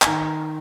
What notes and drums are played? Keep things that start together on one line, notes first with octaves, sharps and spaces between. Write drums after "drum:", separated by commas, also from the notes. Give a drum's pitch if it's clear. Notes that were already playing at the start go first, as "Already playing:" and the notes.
G#5, drum: clap
D#3 A#5